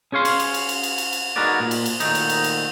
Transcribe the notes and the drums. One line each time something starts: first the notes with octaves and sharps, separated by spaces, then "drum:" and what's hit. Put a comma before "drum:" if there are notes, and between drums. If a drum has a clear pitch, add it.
C#4 G#4 C#5 F5 C6
drum: cymbal
drum: cymbal
drum: cymbal
drum: cymbal
drum: cymbal
drum: cymbal
drum: cymbal
D#4 F#4 G#4 A#4 B4 D5
A#2
drum: cymbal
drum: cymbal
A#2 D#3 A3 D#4, drum: cymbal
drum: cymbal
drum: cymbal
drum: cymbal